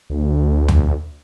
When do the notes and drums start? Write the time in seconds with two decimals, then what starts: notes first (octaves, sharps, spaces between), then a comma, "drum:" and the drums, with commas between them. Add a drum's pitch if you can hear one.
0.10 D2
0.68 drum: tom